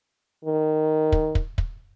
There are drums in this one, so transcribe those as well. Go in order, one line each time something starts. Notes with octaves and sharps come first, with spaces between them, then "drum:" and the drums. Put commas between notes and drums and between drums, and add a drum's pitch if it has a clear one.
D#3
drum: kick
drum: kick
drum: kick